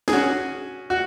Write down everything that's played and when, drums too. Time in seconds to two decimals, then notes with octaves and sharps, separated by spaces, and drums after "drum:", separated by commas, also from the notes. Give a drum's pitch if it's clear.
0.08 G#4, drum: snare
0.13 C#4 F#4
0.90 F#4